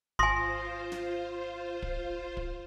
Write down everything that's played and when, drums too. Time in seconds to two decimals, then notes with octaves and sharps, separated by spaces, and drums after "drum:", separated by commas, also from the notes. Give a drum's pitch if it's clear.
0.19 G#1 F4 C5 G#5 C6 D#6 A#6
0.92 drum: snare
1.82 drum: kick
2.37 drum: kick